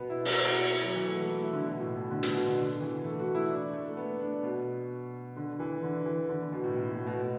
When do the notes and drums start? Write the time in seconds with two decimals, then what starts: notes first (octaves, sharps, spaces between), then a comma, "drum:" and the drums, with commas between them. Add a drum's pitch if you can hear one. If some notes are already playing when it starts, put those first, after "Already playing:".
Already playing: B2 B3
0.10 E4
0.25 F#4, drum: open hi-hat
0.37 F#4
0.49 E4
0.60 F#4
0.72 E4
0.83 F#3
0.95 E3
1.07 A3
1.18 B3
1.30 E4
1.41 E4
1.53 D3
1.65 B2
1.80 A2
1.95 B2
2.11 D3
2.23 B2, drum: hi-hat
2.34 B2
2.46 D3
2.57 D3
2.81 E3
3.04 A3
3.19 F#4
3.35 E4
3.50 D4
3.73 A3
3.97 B3
4.20 D4
4.43 B2
5.36 D3
5.59 E3
5.82 D3
6.06 E3
6.29 D3
6.41 B3
6.52 B2
6.64 A2
6.75 A2
6.91 B2
7.07 B2
7.22 B2